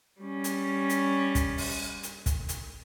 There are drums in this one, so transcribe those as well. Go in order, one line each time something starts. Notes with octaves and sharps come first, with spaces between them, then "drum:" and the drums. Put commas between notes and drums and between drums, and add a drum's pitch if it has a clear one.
G3 C#4
drum: hi-hat
drum: hi-hat
drum: kick, hi-hat
drum: open hi-hat
drum: hi-hat
drum: kick, hi-hat
drum: hi-hat